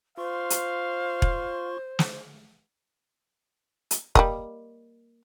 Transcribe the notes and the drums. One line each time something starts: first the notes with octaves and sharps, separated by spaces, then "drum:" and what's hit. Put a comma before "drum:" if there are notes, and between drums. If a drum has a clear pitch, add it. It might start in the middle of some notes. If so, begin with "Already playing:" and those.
F4 C5 F5 C6 C#6
drum: hi-hat
drum: kick E1
drum: snare
drum: hi-hat
G3 A#3 D#5, drum: kick E1